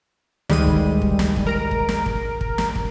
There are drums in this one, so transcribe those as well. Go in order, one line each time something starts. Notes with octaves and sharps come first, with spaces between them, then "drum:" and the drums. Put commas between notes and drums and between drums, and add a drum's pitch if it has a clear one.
D2 D#3 G3 G#3 D#7, drum: snare
drum: kick
drum: kick
drum: snare
drum: kick
A#4 A#5 D7
drum: kick
drum: snare
drum: kick
drum: kick
drum: snare
drum: kick